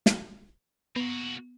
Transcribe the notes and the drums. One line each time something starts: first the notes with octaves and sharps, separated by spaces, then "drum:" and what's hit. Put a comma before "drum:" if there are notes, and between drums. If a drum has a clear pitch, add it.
drum: snare
A#3 B3 F#4